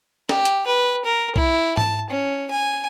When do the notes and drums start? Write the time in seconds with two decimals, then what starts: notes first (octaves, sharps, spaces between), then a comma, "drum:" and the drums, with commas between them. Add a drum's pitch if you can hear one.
0.29 G4, drum: snare
0.45 drum: hi-hat
0.67 B4
1.05 A#4
1.36 E4, drum: kick B1
1.77 A5, drum: tom G#2
2.10 C#4
2.50 G#5